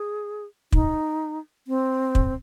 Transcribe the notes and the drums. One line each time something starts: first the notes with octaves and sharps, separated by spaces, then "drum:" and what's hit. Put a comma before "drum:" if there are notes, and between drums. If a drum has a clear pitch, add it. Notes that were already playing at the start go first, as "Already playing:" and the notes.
Already playing: G#4
D#4, drum: kick
C4
drum: kick